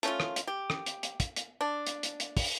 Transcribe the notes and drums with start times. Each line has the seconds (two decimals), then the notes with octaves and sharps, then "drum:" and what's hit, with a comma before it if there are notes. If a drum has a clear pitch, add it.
0.03 A3 C#4 F4, drum: hi-hat
0.20 drum: rim click
0.36 drum: hi-hat
0.47 G4
0.70 drum: rim click
0.86 drum: hi-hat
1.03 drum: hi-hat
1.20 drum: kick, hi-hat
1.36 drum: hi-hat
1.61 D4
1.87 drum: hi-hat
2.03 drum: hi-hat
2.20 drum: hi-hat
2.37 drum: kick, open hi-hat